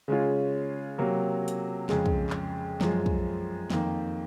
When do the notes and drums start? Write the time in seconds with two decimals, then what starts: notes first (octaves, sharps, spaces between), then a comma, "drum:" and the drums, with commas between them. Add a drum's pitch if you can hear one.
0.08 C#3 G#3 C#4 F4
0.98 C3 F#3 A#3
1.48 drum: hi-hat
1.89 F2 C#3 G#3, drum: snare
2.06 drum: kick
2.30 drum: clap
2.81 F#2 F3 G#3, drum: snare
3.06 drum: kick
3.70 F2 D#3 A#3, drum: snare